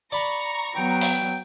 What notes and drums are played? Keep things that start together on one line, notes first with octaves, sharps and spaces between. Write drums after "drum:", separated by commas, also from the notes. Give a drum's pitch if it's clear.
D5 A#5 B5 C#6
F#3 B3 G5
drum: open hi-hat